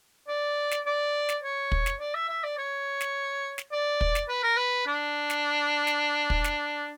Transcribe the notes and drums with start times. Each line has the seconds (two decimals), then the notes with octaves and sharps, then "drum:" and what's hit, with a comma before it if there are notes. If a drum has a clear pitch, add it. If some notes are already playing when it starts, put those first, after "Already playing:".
0.28 D5
0.71 drum: snare
0.86 D5
1.29 drum: snare
1.44 C#5
1.72 drum: kick
1.86 drum: snare
2.00 D5
2.15 E5
2.29 E5
2.44 D5
2.58 C#5
3.01 drum: snare
3.58 drum: snare
3.72 D5
4.01 drum: kick
4.15 drum: snare
4.29 B4
4.43 A#4
4.57 B4
4.87 D4
5.30 drum: snare
5.87 drum: snare
6.30 drum: kick
6.44 drum: snare